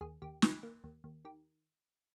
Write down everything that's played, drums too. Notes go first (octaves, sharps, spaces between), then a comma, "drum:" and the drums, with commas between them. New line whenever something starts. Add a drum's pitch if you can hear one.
D#2 G#4
D#2 G4
D#3, drum: snare
A#3
D#2
D#2
D#3 G4